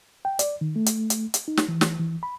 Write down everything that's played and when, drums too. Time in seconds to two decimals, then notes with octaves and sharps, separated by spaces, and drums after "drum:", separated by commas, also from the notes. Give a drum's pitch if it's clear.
0.25 G5
0.39 D5, drum: hi-hat
0.61 D#3
0.76 A3
0.86 drum: hi-hat
1.10 drum: hi-hat
1.34 drum: hi-hat
1.48 D#4
1.57 drum: snare
1.68 E3
1.81 drum: snare
1.99 E3
2.23 B5